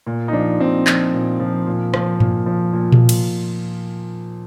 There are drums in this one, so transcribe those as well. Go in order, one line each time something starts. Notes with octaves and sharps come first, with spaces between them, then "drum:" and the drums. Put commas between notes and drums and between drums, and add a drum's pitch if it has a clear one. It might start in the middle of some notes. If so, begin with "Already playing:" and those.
A#2
D#4
F3 D4
A#2 C4
F3, drum: clap
A#2
F3
A#2
F3, drum: rim click
A#2, drum: tom G2
F3
A#2
drum: tom A#2
drum: cymbal